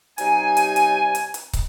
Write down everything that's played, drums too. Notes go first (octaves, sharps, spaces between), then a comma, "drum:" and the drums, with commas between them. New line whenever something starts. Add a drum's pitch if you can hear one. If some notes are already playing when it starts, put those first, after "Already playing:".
C3 G3 D#4 G#5, drum: hi-hat
drum: hi-hat
drum: hi-hat
drum: hi-hat
drum: hi-hat
drum: kick, hi-hat